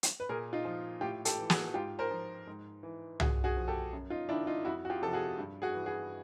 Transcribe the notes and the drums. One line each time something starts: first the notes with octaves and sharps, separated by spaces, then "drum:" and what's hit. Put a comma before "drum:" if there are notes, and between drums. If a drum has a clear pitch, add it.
drum: hi-hat
B4
A#2 G#4 A#4
D#4 F4
F3
A2 F4 G4
G4 A4, drum: hi-hat
E3
F#4 G#4, drum: snare
G#2 F4 G4
A#4 C5
F3
G#2
E3
A#2 F#4 G#4, drum: tom C2
F#4 G#4
F3
G4 A4
F#2
D#4 F4
D#3 D4 E4
D#4 F4
F2 E4 F#4
F#4
F4 G4
C3 F3 A4
F#4 G#4
G2
F#4 G#4
E3
F#4 G#4